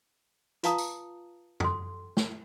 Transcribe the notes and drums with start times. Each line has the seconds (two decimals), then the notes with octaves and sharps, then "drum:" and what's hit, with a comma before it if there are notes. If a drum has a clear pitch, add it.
0.63 F4 B4 F5 A5 A#5 D#6, drum: hi-hat
0.78 drum: tambourine
1.60 A4 C6, drum: tom
2.17 drum: snare